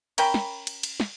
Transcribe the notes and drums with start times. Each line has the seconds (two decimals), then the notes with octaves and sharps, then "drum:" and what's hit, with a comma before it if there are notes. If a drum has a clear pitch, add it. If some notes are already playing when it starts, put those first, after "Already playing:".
0.18 C#4 A#4 G5 B5, drum: cymbal
0.34 drum: snare
0.67 drum: cymbal
0.83 drum: cymbal
1.00 drum: snare